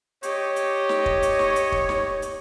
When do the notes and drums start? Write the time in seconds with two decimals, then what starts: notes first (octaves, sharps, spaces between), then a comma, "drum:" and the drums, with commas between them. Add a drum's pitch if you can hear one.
0.23 G4 C#5 D#5, drum: hi-hat
0.56 drum: hi-hat
0.89 drum: snare
1.06 drum: kick
1.22 drum: hi-hat
1.39 drum: snare
1.56 drum: hi-hat
1.72 drum: kick
1.89 drum: snare
2.22 drum: hi-hat